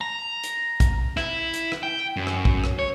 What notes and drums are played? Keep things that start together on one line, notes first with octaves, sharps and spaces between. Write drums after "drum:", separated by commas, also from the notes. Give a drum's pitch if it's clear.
A#5
drum: hi-hat
drum: kick, hi-hat
E4, drum: rim click
drum: hi-hat
drum: rim click
G5
F#2
drum: rim click
drum: kick
drum: rim click
C#5